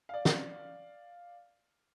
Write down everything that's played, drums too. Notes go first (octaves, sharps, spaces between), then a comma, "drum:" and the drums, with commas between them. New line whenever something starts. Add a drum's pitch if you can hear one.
D5 F5
drum: snare